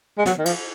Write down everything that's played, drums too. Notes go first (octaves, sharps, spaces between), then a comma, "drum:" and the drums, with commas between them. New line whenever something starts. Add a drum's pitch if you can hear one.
G#3
F#3, drum: snare
D#3
F3, drum: cymbal